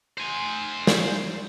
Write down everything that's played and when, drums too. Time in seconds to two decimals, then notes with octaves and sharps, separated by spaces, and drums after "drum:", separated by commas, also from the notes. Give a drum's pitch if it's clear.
0.18 C5 G#5
0.87 drum: snare